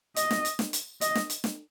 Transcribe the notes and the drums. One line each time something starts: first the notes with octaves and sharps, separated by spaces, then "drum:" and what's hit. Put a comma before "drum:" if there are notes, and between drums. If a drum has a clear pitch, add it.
D#5, drum: hi-hat
drum: snare
drum: hi-hat
drum: snare
drum: hi-hat
D#5, drum: hi-hat
drum: snare
drum: hi-hat
drum: snare